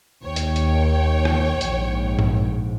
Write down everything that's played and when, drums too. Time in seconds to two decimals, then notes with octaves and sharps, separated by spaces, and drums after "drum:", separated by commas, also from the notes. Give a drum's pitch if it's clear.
0.23 D#2 C#5 G5
0.36 drum: hi-hat
0.56 drum: hi-hat
1.25 drum: rim click
1.61 A#1 G#2, drum: hi-hat
2.19 drum: tom G2